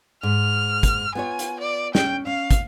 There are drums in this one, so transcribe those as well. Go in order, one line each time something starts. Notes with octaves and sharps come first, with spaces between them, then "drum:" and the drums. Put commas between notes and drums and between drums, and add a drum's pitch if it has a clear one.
G#2 F6
drum: kick, hi-hat
B3 F4 C#5 G#5
drum: hi-hat
D5
C#4 G5, drum: snare
C#4 F5
drum: kick, hi-hat